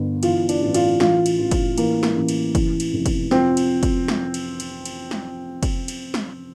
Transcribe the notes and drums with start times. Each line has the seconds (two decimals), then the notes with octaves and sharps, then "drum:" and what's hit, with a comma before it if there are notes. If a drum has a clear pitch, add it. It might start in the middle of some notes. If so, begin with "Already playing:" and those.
Already playing: G1
0.23 E3 F4, drum: cymbal
0.49 D4, drum: cymbal
0.62 A1
0.74 F4, drum: cymbal
1.00 E3 F4, drum: snare
1.26 drum: cymbal
1.38 A1
1.51 drum: kick, cymbal
1.78 E3 A#3, drum: cymbal
2.03 drum: snare
2.16 A1
2.29 drum: cymbal
2.55 E3, drum: kick, cymbal
2.80 drum: cymbal
2.93 F1
3.06 drum: kick, cymbal
3.31 F3 C4, drum: snare
3.57 drum: cymbal
3.83 drum: kick, cymbal
4.08 drum: snare
4.34 drum: cymbal
4.60 drum: cymbal
4.85 drum: cymbal
5.11 drum: snare
5.63 drum: kick, cymbal
5.88 drum: cymbal
6.14 drum: snare